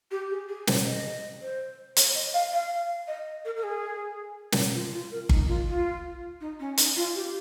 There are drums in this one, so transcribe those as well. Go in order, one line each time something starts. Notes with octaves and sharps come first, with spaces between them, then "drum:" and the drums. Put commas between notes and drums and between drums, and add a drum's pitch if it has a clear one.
G4
G#4
G#4
C5, drum: snare
D#5
C5
C#5, drum: hi-hat
D#5
F5
F5
D#5
A#4
A#4
G#4
drum: snare
F4
F4
A#4
D#4, drum: kick G1
F4
F4
D#4
C#4
D#4, drum: hi-hat
F4
G4